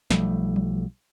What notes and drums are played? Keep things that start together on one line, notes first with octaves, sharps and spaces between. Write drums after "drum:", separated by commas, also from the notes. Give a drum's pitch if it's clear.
B1 F3 G3 A3, drum: snare
drum: tom F#3